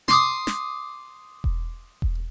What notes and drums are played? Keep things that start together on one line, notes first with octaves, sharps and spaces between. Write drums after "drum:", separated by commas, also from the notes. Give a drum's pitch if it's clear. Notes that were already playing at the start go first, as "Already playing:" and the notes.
C6 D6 D#6, drum: snare
drum: snare
drum: kick E1
drum: kick E1